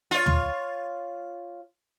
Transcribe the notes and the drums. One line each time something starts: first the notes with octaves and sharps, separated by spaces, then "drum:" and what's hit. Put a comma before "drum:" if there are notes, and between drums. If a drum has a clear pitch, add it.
F4 C#5
drum: tom